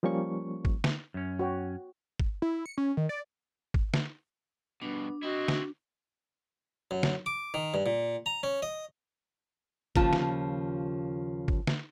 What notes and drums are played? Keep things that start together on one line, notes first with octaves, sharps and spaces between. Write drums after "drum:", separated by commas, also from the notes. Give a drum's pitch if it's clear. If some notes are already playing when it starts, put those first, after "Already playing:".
F3 G3 A#3 C#4 C#6
drum: kick
drum: snare
F#2 C#4
F#4 C#5 G5
drum: kick
E4
C#7
C#4
D#3
D5
drum: kick
drum: snare
G2 B2 B3 D4
C4 E4 F#4 D#5
drum: snare
F#2
drum: snare
D6
D#3
G2
A#2
A#5
C#4
D#5
D#2 C#3 F3 F4 A5, drum: kick
drum: snare
drum: kick
drum: snare